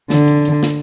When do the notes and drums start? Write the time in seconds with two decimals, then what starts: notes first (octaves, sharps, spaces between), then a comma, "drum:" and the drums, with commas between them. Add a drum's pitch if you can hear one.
0.10 D3, drum: snare
0.28 drum: hi-hat
0.45 drum: hi-hat
0.63 drum: snare